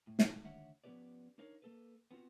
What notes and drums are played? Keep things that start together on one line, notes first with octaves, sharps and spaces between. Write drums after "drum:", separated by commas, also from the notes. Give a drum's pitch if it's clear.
A2
drum: snare
D2 D#3 D4 C#5 E5 F#5
F3 B3 C#4 G4 B4 D5
D4 D#4 A#4 C#5 F5
A#3 A4 B4
B3 C4 F4 F#4